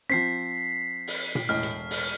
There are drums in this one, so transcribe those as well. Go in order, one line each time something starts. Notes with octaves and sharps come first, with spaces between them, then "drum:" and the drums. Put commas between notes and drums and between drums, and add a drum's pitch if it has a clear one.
F3 C4 B6 C7
drum: open hi-hat
drum: tom A#2
E1 A2 D#5 F6
drum: hi-hat
drum: open hi-hat